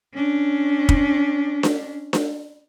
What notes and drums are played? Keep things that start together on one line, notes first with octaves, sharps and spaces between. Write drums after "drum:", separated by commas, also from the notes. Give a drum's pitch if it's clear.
C#4 D4
drum: kick
drum: snare D4
drum: snare D4